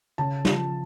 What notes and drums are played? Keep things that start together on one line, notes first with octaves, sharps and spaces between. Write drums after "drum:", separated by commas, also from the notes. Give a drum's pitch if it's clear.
C#3 A5
F3, drum: snare